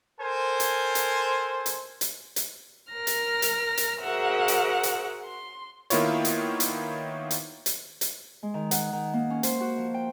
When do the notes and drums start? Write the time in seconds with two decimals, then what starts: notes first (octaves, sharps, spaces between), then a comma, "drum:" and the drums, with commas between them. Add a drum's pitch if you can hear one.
0.21 A4 A#4 C5 G#5
0.60 drum: hi-hat
0.95 drum: hi-hat
1.66 drum: hi-hat
2.01 drum: hi-hat
2.36 drum: hi-hat
2.92 A#4 F6 A#6
3.07 drum: hi-hat
3.42 drum: hi-hat
3.77 drum: hi-hat
4.00 F#4 G#4 A#4 C5 E5 F#5
4.48 drum: hi-hat
4.83 drum: hi-hat
5.24 C6
5.90 D#3 A#3 B3 E4 F4 C#5, drum: hi-hat
6.25 drum: hi-hat
6.60 drum: hi-hat
7.31 drum: hi-hat
7.66 drum: hi-hat
8.01 drum: hi-hat
8.43 G#3
8.54 D#3
8.71 F#5, drum: hi-hat
8.93 D#3
9.13 A#3
9.30 C#4
9.43 C5, drum: hi-hat
9.61 F#4
9.77 F3
9.94 G5